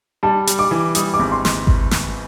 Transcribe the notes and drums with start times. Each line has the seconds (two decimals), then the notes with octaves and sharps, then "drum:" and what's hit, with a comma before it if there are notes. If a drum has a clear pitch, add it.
0.23 G3 A5
0.47 G3, drum: hi-hat
0.59 D6
0.71 E3
0.95 G3 D#6, drum: hi-hat
1.14 D6
1.19 G#1
1.32 C6
1.45 C6, drum: snare
1.67 drum: kick G#1
1.91 drum: snare